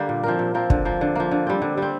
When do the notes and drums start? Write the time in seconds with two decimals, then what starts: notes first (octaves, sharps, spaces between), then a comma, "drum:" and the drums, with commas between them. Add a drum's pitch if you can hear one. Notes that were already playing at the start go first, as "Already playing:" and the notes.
Already playing: D3 G3 A#3
0.09 A#2
0.23 F3 C4 A#4
0.39 A#2
0.54 F3 C4 A#4
0.70 D3, drum: kick
0.85 F3 A#3
1.01 D3
1.15 F3 A#3
1.31 D3
1.47 G3 C4
1.62 D3
1.77 G3 C4